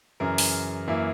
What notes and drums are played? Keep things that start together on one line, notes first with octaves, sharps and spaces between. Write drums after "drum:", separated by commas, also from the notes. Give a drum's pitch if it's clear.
F#2 C#3 E3 A#4
drum: open hi-hat
F#2 E3 A#3 E4